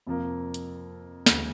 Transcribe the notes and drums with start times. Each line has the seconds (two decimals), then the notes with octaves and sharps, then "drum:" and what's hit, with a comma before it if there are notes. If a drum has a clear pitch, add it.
0.07 F2 C3 F3 A#3
0.54 drum: hi-hat
1.26 D2 C#3 E3 G#3, drum: snare